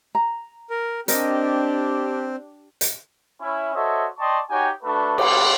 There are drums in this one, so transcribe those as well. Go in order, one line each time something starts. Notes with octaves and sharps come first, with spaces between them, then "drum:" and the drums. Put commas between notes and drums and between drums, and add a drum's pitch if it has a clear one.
A#5
A#4
C4 D4 G4 A#4 D#5, drum: hi-hat
drum: hi-hat
C#4 E4
F#4 A4 C5 C#5 D#5 E5
D5 D#5 G5 A5 C6 C#6
D#4 F#4 G4 C#5 G5 G#5
A3 D4 F#4 A4 B4
G3 B3 D4 B4 C6 D6, drum: cymbal